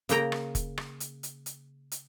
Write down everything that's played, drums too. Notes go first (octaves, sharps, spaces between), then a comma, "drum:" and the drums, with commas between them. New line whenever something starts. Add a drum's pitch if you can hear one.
C#3 A#3 G5 A#5, drum: hi-hat
drum: rim click
drum: kick, hi-hat
drum: rim click
drum: hi-hat
drum: hi-hat
drum: hi-hat
drum: hi-hat